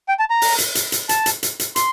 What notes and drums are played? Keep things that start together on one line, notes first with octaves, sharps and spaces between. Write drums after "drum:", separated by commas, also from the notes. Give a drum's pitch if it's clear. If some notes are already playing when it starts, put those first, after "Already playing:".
G5
A5
A#5
drum: open hi-hat
drum: hi-hat
drum: hi-hat
drum: hi-hat
A5, drum: hi-hat
drum: hi-hat
drum: hi-hat
drum: hi-hat
C6, drum: hi-hat